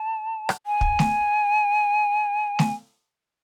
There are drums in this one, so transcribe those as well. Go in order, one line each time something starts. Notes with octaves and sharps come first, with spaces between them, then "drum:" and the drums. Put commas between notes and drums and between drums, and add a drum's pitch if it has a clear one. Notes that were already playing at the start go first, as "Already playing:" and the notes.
Already playing: A5
drum: rim click
G#5
drum: kick
drum: snare A3
drum: snare A3